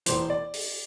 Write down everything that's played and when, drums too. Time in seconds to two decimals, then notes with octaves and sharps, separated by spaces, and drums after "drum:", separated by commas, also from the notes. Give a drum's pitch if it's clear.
0.06 E1 E2 E3 C5, drum: hi-hat
0.30 D5
0.54 drum: open hi-hat